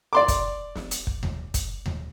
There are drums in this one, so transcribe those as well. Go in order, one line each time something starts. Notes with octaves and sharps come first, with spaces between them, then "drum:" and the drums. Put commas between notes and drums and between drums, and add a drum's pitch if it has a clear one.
D5 C6 D6
drum: kick, hi-hat
drum: snare
drum: hi-hat
drum: kick
drum: tom D#2
drum: kick, hi-hat
drum: tom D#2